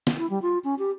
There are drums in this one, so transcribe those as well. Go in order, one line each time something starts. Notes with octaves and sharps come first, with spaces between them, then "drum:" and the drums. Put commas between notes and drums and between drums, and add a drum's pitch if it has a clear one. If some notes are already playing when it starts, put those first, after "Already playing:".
drum: snare
E4
G3
F4
C#4
G4